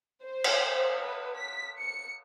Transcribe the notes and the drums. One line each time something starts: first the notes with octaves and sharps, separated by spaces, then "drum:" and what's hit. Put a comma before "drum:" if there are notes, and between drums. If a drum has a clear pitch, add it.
C5
drum: cymbal
B4
B6
C#7